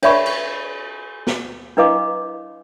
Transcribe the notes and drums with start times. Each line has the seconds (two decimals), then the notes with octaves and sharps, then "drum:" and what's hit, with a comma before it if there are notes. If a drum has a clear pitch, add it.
0.02 D4 C#5 D5 E5 B5 C#6, drum: cymbal
0.26 drum: cymbal
1.27 drum: snare
1.77 D4 E4 B4 D#5 F5 D6